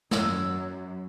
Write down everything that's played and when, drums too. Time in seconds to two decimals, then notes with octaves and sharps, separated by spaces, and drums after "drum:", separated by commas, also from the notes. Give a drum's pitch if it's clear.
0.11 F#2 F#3 E6, drum: snare